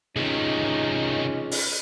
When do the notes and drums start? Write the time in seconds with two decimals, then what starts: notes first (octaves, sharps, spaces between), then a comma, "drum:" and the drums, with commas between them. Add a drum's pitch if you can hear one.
0.17 C3 D#3 C#4 D#4 F4 G#4
1.51 drum: open hi-hat